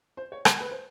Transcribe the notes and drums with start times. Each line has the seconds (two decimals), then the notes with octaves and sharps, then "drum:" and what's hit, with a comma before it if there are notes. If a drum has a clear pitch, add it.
0.17 C5
0.32 C#5
0.45 C5, drum: rim click
0.60 B4
0.71 C5